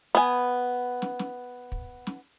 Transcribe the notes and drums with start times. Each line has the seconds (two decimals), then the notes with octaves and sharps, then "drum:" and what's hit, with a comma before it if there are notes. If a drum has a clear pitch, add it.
0.15 B3 G#5
1.02 drum: snare
1.19 drum: snare
1.72 drum: kick
2.07 drum: snare